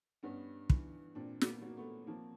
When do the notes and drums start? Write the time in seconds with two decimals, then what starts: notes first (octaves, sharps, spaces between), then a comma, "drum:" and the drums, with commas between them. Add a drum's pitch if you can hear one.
0.23 G2 B3 C#4
0.70 E3, drum: kick
1.15 A#2 C4 D4
1.41 B3, drum: snare
1.46 A#3
1.62 F#3
1.67 A#3
1.77 A3 B3
2.07 F3 A#3 C4